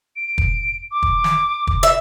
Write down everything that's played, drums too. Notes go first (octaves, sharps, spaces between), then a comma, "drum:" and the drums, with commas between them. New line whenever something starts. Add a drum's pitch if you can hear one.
D7
drum: kick
D6
drum: kick
drum: snare
drum: kick
E5